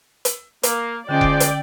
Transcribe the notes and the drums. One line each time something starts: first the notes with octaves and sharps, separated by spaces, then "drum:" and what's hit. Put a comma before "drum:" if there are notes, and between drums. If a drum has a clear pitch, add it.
drum: hi-hat
A#3, drum: hi-hat
D3 F3 G#3 C#4 D5 G5
drum: kick F1
drum: hi-hat